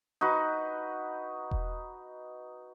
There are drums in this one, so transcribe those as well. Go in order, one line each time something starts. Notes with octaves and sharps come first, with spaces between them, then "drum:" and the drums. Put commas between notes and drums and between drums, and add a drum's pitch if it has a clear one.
D#4 F#4 B4
drum: kick E1